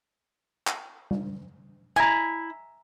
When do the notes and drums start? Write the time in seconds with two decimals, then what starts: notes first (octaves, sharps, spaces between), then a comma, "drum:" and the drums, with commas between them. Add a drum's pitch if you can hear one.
0.67 drum: clap
1.11 drum: tom G3
1.96 E4 G#5 A#5